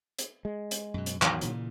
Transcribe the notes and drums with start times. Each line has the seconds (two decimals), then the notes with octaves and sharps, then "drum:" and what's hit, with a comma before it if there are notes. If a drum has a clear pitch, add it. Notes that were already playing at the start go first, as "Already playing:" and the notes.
0.19 drum: hi-hat
0.45 G#3
0.71 drum: hi-hat
0.94 F#2 B2
1.06 drum: hi-hat
1.22 E2 A2 D#3 E3 F#3, drum: clap
1.41 A#2 C#3 E3, drum: hi-hat